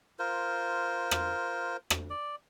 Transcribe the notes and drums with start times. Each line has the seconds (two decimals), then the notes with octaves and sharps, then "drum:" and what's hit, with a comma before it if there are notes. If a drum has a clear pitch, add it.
0.19 F4 A#4 C5
1.11 drum: rim click
1.90 drum: rim click
2.10 D5